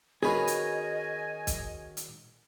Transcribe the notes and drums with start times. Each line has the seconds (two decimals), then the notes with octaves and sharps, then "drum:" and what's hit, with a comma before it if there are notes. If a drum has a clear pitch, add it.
0.23 D#3 C#4 F#4 G#4 B4 D#5 G#5
0.47 drum: hi-hat
1.47 drum: kick, hi-hat
1.97 drum: hi-hat